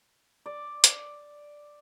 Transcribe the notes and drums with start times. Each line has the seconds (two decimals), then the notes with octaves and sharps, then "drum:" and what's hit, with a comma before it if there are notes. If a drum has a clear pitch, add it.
0.46 D5
0.84 drum: hi-hat